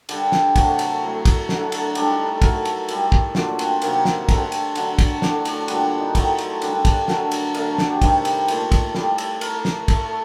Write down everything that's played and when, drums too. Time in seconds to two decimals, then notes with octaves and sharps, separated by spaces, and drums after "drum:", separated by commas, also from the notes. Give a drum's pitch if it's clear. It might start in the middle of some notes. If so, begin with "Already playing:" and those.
0.09 D3 G3 G4, drum: cymbal
0.32 drum: snare
0.56 C3 F#3 A3 F#4, drum: kick, cymbal
0.79 drum: cymbal
1.02 A2 F#3 A3
1.25 drum: kick, cymbal
1.49 D3 F#3 A3, drum: snare
1.72 drum: cymbal
1.95 A2 G3 D4, drum: cymbal
2.11 D#4
2.26 A4
2.42 A2 F#3 A3 A#4, drum: kick, cymbal
2.65 drum: cymbal
2.89 A2 G3, drum: cymbal
3.12 drum: kick
3.35 A#2 F#3 A3 D4, drum: snare
3.59 C4, drum: cymbal
3.82 C3 D#3 F#3 A#3, drum: cymbal
4.05 drum: snare
4.29 D3 A3 C4, drum: kick, cymbal
4.52 drum: cymbal
4.75 D3 F#3 A3, drum: cymbal
4.99 drum: kick, cymbal
5.22 A2 A3 D4, drum: snare
5.45 D4, drum: cymbal
5.68 A#2 G3 F#4, drum: cymbal
5.99 D#4
6.15 A2 F#3 A3 C4, drum: kick, cymbal
6.38 drum: cymbal
6.62 D3 G3 D4, drum: cymbal
6.85 A4, drum: kick, cymbal
7.08 D3 F#3 A3 A#4, drum: snare
7.32 A4, drum: cymbal
7.54 D3 F#3 A3 A#4, drum: cymbal
7.67 A4
7.78 F#4, drum: snare
7.90 G4
8.02 C3 D#3 G3, drum: kick, cymbal
8.25 drum: cymbal
8.48 A#2 A3, drum: cymbal
8.72 drum: kick, cymbal
8.95 A2 G3 A4, drum: snare
9.18 drum: cymbal
9.41 A2 A3 A#4, drum: cymbal
9.65 drum: snare
9.88 A2 A3 A4, drum: kick, cymbal